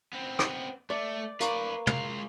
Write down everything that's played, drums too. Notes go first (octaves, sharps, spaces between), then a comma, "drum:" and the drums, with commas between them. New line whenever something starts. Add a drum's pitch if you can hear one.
B3 C4
drum: rim click
A3 D5
A#3 B4 D5 C#6 D6, drum: hi-hat
G#3 F5, drum: tom